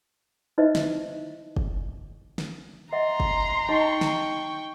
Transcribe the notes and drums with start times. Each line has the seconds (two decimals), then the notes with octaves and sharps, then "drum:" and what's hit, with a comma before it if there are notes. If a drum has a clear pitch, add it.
0.58 D#4 E4 B4 C5 D#5 E5
0.75 drum: snare
1.56 drum: kick
2.38 drum: snare
2.93 D#5 E5 F#5 A#5 C6
3.20 drum: kick
3.69 D#4 D#5 G5 C#6
4.01 drum: snare